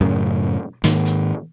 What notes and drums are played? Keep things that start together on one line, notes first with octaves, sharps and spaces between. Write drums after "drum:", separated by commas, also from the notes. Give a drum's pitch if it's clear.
F#2 A2 C#3
G#2 D#3 A#3, drum: snare
drum: hi-hat